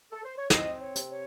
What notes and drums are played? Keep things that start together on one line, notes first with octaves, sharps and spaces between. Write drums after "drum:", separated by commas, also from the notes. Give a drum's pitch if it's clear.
A4
C5
C#5
C4 D#5, drum: snare
C#5
C3, drum: hi-hat
C#5